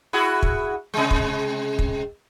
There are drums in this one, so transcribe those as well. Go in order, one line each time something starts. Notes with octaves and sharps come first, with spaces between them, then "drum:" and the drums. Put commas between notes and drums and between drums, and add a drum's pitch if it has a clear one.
E4 F#4 G#4
drum: kick
C3 G#3
drum: kick
drum: kick